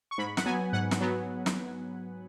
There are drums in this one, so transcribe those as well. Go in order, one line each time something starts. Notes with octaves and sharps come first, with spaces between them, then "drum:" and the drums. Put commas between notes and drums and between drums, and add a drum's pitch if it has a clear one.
C#6
G#2 B5
F#5, drum: snare
F#3 B3 G#5
G#2 F#5
drum: snare
F#3 B3
drum: snare